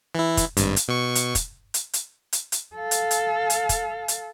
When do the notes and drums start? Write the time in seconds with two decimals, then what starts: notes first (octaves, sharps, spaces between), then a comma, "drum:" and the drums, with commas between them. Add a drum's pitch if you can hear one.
0.15 E3 E4
0.37 drum: kick, hi-hat
0.57 G#1 G2, drum: hi-hat
0.76 drum: hi-hat
0.88 B2 C#6
1.15 drum: hi-hat
1.35 drum: kick, hi-hat
1.74 drum: hi-hat
1.93 drum: hi-hat
2.33 drum: hi-hat
2.52 drum: hi-hat
2.76 A4 F5
2.91 drum: hi-hat
3.11 drum: hi-hat
3.50 drum: hi-hat
3.69 drum: kick, hi-hat
4.08 drum: hi-hat